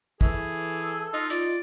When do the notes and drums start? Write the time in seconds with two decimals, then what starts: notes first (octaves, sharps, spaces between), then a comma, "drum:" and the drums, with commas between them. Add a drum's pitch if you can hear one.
0.21 E3 G#4 A4, drum: kick
1.13 D#4 F4
1.30 F4 D5, drum: hi-hat